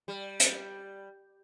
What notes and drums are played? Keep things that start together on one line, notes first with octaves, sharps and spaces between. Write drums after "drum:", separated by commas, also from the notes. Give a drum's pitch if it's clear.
G3
drum: hi-hat